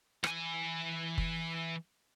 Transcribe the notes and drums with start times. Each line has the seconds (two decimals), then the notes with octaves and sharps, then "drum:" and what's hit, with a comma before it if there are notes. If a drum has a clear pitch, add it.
0.24 E3 G#5, drum: rim click
1.18 drum: kick F#1